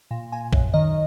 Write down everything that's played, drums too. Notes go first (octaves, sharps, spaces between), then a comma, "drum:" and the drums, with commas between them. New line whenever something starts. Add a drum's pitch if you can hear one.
A#2
A#2 G#5
F#2, drum: kick A#1
D#3 D#5